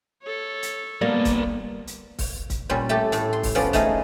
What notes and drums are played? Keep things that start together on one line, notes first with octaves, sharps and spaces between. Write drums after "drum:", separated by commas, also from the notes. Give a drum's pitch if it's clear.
A4 C#5
drum: hi-hat
G3 A#3 B3 D5
drum: kick C#1, hi-hat
drum: hi-hat
drum: kick C#1, open hi-hat
drum: kick C#1, hi-hat
A#2 G3 C#4 C#5
A3 G4 A4
A2 A4, drum: hi-hat
C6
drum: kick C#1, open hi-hat
F3 B3 C#4 D5
A3 D#4 G#4 D#5 F5, drum: kick C#1, hi-hat